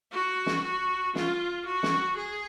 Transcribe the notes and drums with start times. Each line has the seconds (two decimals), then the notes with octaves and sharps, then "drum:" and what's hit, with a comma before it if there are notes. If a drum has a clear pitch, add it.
0.12 F#4
0.46 drum: snare
0.63 F#4
1.15 F4, drum: snare
1.66 F#4
1.83 drum: snare
2.17 G#4